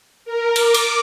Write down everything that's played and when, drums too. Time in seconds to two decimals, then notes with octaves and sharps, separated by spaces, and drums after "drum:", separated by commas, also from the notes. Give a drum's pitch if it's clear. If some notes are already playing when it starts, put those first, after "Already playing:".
0.25 A#4
0.56 D6, drum: cymbal
0.74 drum: cymbal